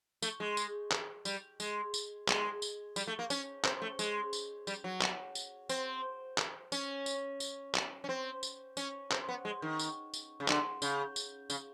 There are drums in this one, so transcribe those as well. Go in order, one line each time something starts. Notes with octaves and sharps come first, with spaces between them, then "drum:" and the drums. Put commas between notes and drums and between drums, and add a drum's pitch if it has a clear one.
A3, drum: tambourine
G#3
drum: tambourine
drum: clap
G3, drum: tambourine
G#3, drum: tambourine
drum: tambourine
G#3, drum: clap
drum: tambourine
G3, drum: tambourine
A3
A#3
C#4, drum: tambourine
C4, drum: clap
A3
G#3, drum: tambourine
drum: tambourine
G3, drum: tambourine
F#3
drum: clap
drum: tambourine
C4, drum: tambourine
drum: clap
C#4, drum: tambourine
drum: tambourine
drum: tambourine
drum: clap
C#4
C4
drum: tambourine
C#4, drum: tambourine
C4, drum: clap
B3
G#3
D#3
drum: tambourine
drum: tambourine
C#3
D3, drum: clap
C#3, drum: tambourine
drum: tambourine
C#3, drum: tambourine